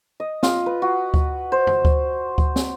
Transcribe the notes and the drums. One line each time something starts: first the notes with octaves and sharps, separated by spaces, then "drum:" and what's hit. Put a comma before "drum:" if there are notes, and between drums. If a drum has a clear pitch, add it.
D#5
F4, drum: snare
B4
F#4
drum: kick D2
C5
drum: tom F2
drum: kick D2
drum: kick D2
drum: snare